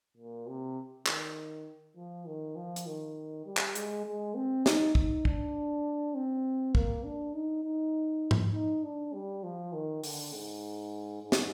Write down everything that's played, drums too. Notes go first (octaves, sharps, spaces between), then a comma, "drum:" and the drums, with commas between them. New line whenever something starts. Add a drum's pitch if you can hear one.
A#2
C3
D#3, drum: clap
F3
D#3
F3
drum: hi-hat
D#3
G3
drum: clap
G#3, drum: hi-hat
G#3
C4
D#4, drum: snare
D#4, drum: kick
D4, drum: kick
C4
A#3, drum: kick
D4
D#4
D#4
drum: tom G#2
D#4
D4
G3
F3
D#3
D3, drum: open hi-hat
G#2
G#2
drum: snare